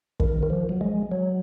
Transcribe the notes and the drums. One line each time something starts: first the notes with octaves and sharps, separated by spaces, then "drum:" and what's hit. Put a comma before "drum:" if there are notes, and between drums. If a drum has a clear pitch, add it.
D#3, drum: kick
D#3
F3
F#3
G#3
F#3